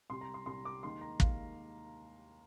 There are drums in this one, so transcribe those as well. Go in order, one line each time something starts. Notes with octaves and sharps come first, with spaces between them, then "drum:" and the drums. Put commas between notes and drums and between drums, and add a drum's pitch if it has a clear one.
C2 C3 G3 C6
A#5
C6
C2 C3 G3 C6
D6
D#2 D#3 G#3 C6
A#5
D#2 D#3 G#3 F5, drum: kick